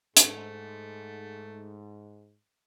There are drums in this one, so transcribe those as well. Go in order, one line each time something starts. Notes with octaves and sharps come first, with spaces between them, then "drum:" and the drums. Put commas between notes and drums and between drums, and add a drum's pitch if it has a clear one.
G#2 A3, drum: hi-hat